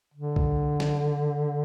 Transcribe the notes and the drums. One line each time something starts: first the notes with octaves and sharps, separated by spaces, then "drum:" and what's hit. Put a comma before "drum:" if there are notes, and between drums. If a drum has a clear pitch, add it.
D3
drum: kick B1
drum: snare